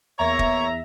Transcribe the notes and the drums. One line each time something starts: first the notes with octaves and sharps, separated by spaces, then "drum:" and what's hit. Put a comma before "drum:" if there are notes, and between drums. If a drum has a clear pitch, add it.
E2 A#3 C#5 E5 A#5
drum: kick